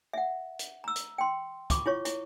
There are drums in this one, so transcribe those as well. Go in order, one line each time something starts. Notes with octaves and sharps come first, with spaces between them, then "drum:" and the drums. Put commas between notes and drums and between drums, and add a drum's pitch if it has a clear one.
E5 F#5
drum: hi-hat
A#5 E6
drum: hi-hat
G5 C6
B5 C#6 D6, drum: kick, hi-hat
E4 F4 C#5 C#6
E4, drum: hi-hat